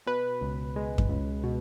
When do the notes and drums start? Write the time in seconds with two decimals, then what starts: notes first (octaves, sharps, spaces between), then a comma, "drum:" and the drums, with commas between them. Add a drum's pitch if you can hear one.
0.07 B2 B4
0.41 C#2
0.76 G#3
0.98 drum: kick F#2
1.09 C#2
1.44 B2